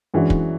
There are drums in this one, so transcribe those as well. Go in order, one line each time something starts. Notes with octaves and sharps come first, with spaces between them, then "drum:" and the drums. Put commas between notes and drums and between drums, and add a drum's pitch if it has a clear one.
F#2 E3 G#3 D4 F#4
drum: kick